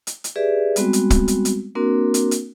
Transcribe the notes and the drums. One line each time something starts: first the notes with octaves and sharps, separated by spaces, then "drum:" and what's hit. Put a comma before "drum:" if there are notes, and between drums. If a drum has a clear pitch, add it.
drum: hi-hat
drum: hi-hat
G4 G#4 B4 D5 E5
G3 G#3 B3 C4 F#4, drum: hi-hat
drum: hi-hat
drum: kick, hi-hat
drum: hi-hat
drum: hi-hat
A#3 C4 D4 F#4 A#4
drum: hi-hat
drum: hi-hat